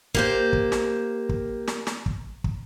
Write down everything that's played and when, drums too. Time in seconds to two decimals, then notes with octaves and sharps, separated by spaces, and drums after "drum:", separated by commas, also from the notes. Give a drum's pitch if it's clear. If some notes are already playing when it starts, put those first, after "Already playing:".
0.14 A#3 G4 C5, drum: kick
0.53 drum: kick
0.72 drum: snare
1.29 drum: kick
1.68 drum: snare
1.87 drum: snare
2.06 drum: kick
2.44 drum: kick